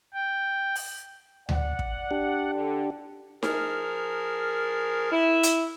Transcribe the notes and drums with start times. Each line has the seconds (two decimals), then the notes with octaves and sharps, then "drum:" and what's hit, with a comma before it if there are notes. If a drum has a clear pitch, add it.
0.14 G5
0.75 drum: open hi-hat
1.49 D5 F#5, drum: tom D2
1.79 drum: kick
2.11 D4 G4
2.54 D3
3.43 F3 G#4 A#4, drum: snare D#4
5.11 E4
5.43 drum: hi-hat